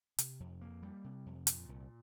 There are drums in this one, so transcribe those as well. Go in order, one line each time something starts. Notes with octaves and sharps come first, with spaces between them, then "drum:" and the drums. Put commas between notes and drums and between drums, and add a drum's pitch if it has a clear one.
C3, drum: hi-hat
F2
A#3
G3
C3
F2
A#2, drum: hi-hat
C2